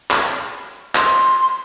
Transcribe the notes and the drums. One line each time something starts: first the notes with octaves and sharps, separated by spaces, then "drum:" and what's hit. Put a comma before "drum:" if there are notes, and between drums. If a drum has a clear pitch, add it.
drum: clap
C6, drum: clap